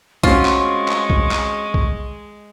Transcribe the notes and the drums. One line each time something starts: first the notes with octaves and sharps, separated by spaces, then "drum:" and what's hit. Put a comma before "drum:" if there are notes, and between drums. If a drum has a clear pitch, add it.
G#3 C4 C#4 F4 F#4 C#6, drum: kick B1
drum: clap
drum: clap
drum: kick B1
drum: clap
drum: kick B1